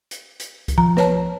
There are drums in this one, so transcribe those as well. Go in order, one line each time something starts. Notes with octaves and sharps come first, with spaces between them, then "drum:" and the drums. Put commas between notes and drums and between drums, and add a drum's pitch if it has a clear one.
drum: hi-hat
drum: hi-hat
drum: kick C2, hi-hat
F3 A#5
B4 C#5 A5, drum: snare